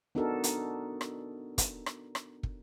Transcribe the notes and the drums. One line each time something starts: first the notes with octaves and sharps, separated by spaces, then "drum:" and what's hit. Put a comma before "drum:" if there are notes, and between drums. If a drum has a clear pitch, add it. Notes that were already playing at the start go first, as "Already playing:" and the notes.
B3 D4 D#4 F#4 A4 A#4
drum: hi-hat
drum: rim click
drum: kick, hi-hat
drum: rim click
drum: rim click
drum: kick